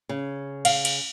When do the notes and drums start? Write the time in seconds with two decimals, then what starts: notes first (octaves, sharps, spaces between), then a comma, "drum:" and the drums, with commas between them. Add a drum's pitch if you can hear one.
0.09 C#3
0.65 F5, drum: cymbal
0.85 drum: cymbal